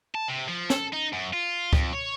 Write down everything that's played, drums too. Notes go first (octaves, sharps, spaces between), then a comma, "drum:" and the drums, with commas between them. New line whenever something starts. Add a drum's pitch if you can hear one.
A5
C3
F3
A4, drum: snare
D#4
F#2
F4
F2, drum: kick C#2
C#5